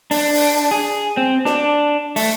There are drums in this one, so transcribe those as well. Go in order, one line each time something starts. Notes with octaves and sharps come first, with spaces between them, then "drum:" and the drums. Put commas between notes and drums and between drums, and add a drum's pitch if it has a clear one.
D4, drum: open hi-hat
drum: open hi-hat
G#4
C4
D4, drum: snare
A3, drum: open hi-hat